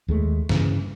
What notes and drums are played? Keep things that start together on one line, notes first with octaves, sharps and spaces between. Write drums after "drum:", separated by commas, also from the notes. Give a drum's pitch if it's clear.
D#2 G#3 A3
G2 C#3 E3, drum: snare